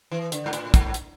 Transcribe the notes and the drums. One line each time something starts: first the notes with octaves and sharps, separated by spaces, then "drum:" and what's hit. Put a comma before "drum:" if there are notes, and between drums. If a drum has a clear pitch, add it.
E3
D3, drum: hi-hat
G#2
A2, drum: hi-hat
G#2, drum: kick, hi-hat
drum: hi-hat